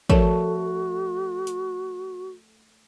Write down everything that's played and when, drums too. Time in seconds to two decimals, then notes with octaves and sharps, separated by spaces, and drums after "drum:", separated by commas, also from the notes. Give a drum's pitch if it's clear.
0.09 F3 A3 F#4 A#4 C#5, drum: kick
1.47 drum: hi-hat